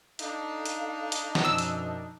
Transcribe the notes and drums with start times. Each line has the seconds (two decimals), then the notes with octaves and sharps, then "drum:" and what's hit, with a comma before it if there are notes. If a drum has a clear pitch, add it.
0.19 D4 D#4 A4 F5, drum: hi-hat
0.66 drum: hi-hat
1.12 drum: hi-hat
1.35 drum: snare
1.45 F#2 B2 F3 G#5 E6
1.58 drum: hi-hat